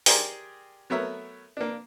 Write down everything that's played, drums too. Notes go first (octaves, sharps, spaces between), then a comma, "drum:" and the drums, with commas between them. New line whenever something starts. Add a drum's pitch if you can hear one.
G4 G#4 A#4 D5 A#5 C6, drum: open hi-hat
F#3 A3 B3 A#4 C#5 E5
A#3 D4